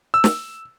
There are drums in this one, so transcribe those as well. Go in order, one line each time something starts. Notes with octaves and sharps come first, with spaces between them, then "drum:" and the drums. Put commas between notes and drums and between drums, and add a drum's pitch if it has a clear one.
E6
drum: snare